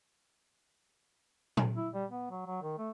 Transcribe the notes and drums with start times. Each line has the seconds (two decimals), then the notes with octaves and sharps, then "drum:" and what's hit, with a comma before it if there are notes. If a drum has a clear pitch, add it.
1.57 drum: tom A#2
1.76 E4
1.94 G3
2.11 B3
2.31 F#3
2.47 F#3
2.63 D#3
2.78 A3